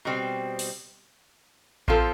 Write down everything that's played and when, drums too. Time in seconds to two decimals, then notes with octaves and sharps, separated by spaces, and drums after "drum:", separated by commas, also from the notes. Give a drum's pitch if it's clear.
0.05 B2 G3 C4
0.59 drum: open hi-hat
1.88 F3 C4 F4 A4, drum: kick A1